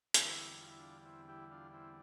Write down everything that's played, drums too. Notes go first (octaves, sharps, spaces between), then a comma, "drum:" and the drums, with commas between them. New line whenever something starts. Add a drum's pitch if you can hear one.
E2 D3 G3 C4 E4, drum: hi-hat
F4
E4
D4 F4
C4 E4
E4 G4
D4 F4
C4 E4